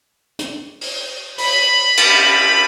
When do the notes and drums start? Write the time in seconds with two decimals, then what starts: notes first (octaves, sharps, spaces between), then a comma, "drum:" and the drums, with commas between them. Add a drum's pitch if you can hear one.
0.39 drum: hi-hat
0.81 drum: open hi-hat
1.38 B5, drum: open hi-hat
1.97 drum: cymbal